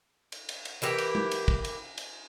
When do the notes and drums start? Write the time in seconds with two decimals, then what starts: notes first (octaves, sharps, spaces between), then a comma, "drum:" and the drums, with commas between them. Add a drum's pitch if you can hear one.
0.32 drum: cymbal
0.49 drum: cymbal
0.65 drum: cymbal
0.82 E3 A#3 G4
0.98 drum: cymbal
1.15 drum: tom G#3
1.31 drum: cymbal
1.48 drum: kick
1.65 drum: cymbal
1.98 drum: cymbal